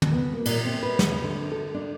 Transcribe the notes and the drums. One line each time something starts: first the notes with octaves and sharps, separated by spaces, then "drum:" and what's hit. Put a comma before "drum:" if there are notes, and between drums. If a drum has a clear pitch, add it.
drum: tom
B3
A#3
A#2, drum: cymbal
C4
B4
drum: snare
D3
A4
D4